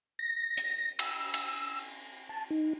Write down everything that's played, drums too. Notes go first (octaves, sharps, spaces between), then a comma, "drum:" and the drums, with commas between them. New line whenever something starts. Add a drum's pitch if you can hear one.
A#6
drum: hi-hat
E6, drum: cymbal
drum: cymbal
A5
D#4